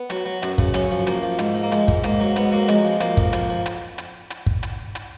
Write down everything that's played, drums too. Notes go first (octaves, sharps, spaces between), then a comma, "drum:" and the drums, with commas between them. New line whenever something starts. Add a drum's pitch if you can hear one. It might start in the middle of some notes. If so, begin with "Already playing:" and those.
Already playing: B3
F#3, drum: hi-hat
F#3
F#2, drum: hi-hat
C#3, drum: kick
F#2 C#4, drum: hi-hat
F3
F3 A#3, drum: hi-hat
F3
G#2, drum: hi-hat
G#2
A#3
F3 G#3, drum: hi-hat
G#2, drum: kick
G#2 A#3, drum: hi-hat
F#3
G#2 B3, drum: hi-hat
F#3 A#3
F2 G#3, drum: hi-hat
F3
F3 A#3, drum: hi-hat
F2, drum: kick
F3, drum: hi-hat
F3
drum: hi-hat
drum: hi-hat
drum: hi-hat
drum: kick
drum: hi-hat
drum: hi-hat